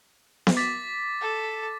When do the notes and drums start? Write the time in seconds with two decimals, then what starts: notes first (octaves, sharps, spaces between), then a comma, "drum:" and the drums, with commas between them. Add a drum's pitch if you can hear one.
0.47 drum: snare B3
0.57 D6 A6 B6
1.22 A4